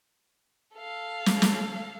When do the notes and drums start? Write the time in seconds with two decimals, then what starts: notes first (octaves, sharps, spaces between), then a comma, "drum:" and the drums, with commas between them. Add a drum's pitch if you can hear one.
0.76 A4 F5
1.26 drum: snare
1.42 drum: snare